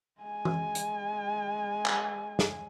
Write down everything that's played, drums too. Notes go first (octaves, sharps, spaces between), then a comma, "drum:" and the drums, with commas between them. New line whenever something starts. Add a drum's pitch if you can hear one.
G#3 G#5
drum: tom E3
drum: hi-hat
drum: clap
drum: snare